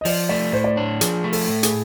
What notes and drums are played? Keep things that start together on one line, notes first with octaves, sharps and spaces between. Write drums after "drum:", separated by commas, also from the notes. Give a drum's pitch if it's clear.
D#5
F3 D5, drum: open hi-hat
A3 D5
A2 C5
D5
D4 C#5
F3 G#4, drum: hi-hat
A3
A4, drum: open hi-hat
A2
G#4, drum: hi-hat